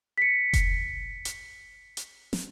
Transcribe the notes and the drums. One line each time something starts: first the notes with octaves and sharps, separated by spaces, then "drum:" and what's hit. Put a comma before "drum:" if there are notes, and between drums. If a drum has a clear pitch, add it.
B6 C#7
drum: kick F1, hi-hat
drum: hi-hat
drum: hi-hat
drum: snare